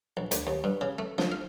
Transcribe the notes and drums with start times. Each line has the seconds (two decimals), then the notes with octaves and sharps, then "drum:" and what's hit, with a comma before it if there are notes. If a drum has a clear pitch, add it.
0.17 A#1
0.31 D2, drum: hi-hat
0.47 D#2
0.64 G2
0.81 C#3
0.99 A3
1.18 F3, drum: snare
1.32 F5